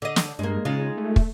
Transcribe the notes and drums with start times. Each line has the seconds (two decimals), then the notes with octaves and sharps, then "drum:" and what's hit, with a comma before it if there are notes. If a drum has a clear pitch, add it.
0.02 D3 D#5
0.16 drum: snare
0.39 G2 G#3 A#3
0.65 C#3 G#3 D#4 F4
0.97 A3
1.16 drum: kick